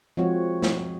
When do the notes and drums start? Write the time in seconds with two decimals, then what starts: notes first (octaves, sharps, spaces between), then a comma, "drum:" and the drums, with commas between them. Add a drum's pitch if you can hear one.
0.17 F3 G#3 C4 F#4 C#5
0.62 drum: snare